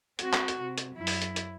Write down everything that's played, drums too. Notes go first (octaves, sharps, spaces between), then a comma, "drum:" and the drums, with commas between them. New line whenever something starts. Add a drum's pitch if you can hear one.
C4 F#4, drum: hi-hat
drum: clap
drum: hi-hat
C3
drum: hi-hat
F#2 E4
drum: open hi-hat
drum: hi-hat
drum: hi-hat